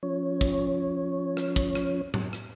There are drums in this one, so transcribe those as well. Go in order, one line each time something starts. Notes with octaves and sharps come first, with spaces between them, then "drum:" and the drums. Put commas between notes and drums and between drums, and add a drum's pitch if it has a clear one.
F3 C#4 C#5
drum: kick
drum: rim click
drum: kick
drum: rim click
drum: tom A2
drum: rim click